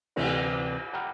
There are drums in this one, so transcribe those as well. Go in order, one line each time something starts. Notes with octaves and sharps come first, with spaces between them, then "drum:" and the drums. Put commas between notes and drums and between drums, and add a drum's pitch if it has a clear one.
D2 C3 E3 C4 B4 D5, drum: cymbal
F#5 G5 A#5 B5 F6